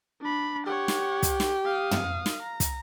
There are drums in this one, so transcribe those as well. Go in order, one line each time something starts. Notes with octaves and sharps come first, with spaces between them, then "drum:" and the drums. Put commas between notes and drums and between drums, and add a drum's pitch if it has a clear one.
D4 B5
G4 C#5 F#5
drum: snare
drum: kick, hi-hat
drum: snare
F5 D#6
drum: tom
drum: snare
A#5
drum: kick, hi-hat